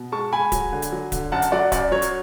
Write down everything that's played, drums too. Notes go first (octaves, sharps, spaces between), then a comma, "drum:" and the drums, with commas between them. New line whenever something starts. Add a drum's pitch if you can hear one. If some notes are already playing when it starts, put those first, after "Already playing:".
Already playing: B2
G#3 A5 C#6
G#3 G#5 B5
F#3, drum: kick D1, hi-hat
D3
drum: hi-hat
F#3
D3, drum: kick D1, hi-hat
F#2 F#5 A5
drum: hi-hat
F#3 D5 F#5
F#2 D5, drum: kick D1, hi-hat
F#3 C#5
drum: hi-hat